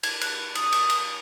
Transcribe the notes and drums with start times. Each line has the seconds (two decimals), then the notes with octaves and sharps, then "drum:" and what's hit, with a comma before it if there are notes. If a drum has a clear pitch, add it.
0.03 G#6, drum: cymbal
0.21 F#6, drum: cymbal
0.55 D#6, drum: cymbal
0.72 drum: cymbal
0.90 drum: cymbal